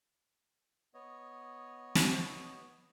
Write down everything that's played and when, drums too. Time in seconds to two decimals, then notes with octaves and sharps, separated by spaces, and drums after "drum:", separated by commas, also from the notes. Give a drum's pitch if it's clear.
0.94 B3 C#5 D#5
1.95 drum: snare